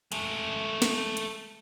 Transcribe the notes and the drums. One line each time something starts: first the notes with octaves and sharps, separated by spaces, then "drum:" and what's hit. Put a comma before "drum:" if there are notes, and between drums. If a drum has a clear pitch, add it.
G#3 A3, drum: hi-hat
drum: snare
drum: hi-hat